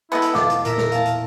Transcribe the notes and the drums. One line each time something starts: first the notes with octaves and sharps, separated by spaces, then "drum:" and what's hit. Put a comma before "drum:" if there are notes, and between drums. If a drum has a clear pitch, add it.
G#3 B3 E4 A4 B4 D#5 F#5
drum: hi-hat
E1 F4 D6 A6, drum: snare
drum: hi-hat
A#2 A#4 E5, drum: hi-hat
drum: snare
F5 A5, drum: hi-hat
drum: hi-hat